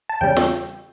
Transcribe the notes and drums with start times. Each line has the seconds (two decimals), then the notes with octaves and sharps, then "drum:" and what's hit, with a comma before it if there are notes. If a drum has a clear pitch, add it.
0.09 A5
0.21 E2 C#3 G3 C#4 G5
0.37 drum: snare